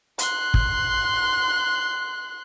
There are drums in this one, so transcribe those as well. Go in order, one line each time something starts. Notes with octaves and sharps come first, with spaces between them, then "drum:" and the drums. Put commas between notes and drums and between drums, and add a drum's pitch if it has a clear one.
C6 F#6, drum: hi-hat
drum: kick